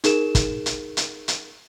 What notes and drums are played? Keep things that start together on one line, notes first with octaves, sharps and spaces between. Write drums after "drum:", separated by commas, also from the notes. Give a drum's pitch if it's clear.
D#4 G#4 A#4 E7, drum: hi-hat
drum: kick, hi-hat
drum: hi-hat
drum: hi-hat
drum: hi-hat